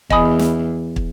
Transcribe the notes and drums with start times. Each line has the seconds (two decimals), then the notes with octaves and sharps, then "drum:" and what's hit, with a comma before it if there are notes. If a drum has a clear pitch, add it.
0.10 E2 D#5 G#5 B5 D#6, drum: kick
0.39 drum: snare
0.96 drum: kick